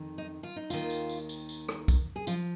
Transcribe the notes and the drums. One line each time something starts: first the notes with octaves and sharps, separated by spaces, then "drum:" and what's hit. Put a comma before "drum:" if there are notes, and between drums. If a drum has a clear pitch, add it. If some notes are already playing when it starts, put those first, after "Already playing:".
Already playing: F2 D#3
D#4
F4
D#4
D#2 D#3 F4, drum: tambourine
drum: tambourine
drum: tambourine
drum: tambourine
drum: tambourine
drum: rim click
drum: kick, tambourine
G#4
F3 F4, drum: tambourine